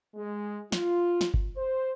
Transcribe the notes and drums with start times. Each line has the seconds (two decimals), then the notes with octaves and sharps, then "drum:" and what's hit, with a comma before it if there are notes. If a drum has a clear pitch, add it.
0.15 G#3
0.72 F4, drum: snare
1.21 drum: snare
1.34 drum: kick G1
1.57 C5